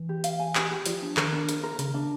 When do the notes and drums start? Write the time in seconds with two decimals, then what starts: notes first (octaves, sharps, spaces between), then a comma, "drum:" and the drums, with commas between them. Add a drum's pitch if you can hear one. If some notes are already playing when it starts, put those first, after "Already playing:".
Already playing: E3
0.09 G4
0.24 F5, drum: hi-hat
0.39 G#5
0.55 G4, drum: clap
0.71 G4
0.86 F3 D5, drum: hi-hat
1.02 D4
1.17 D#3 A#4, drum: clap
1.33 D4
1.49 A#4, drum: hi-hat
1.63 A#4
1.79 C#3 A#4, drum: hi-hat
1.94 D4